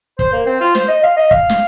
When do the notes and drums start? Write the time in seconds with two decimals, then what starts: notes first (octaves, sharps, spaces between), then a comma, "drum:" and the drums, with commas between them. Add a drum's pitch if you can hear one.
0.19 C5, drum: kick
0.33 A#3
0.46 C4
0.61 F4
0.75 C5, drum: snare
0.88 D#5
1.03 F5
1.17 D#5
1.31 F5, drum: kick
1.50 drum: snare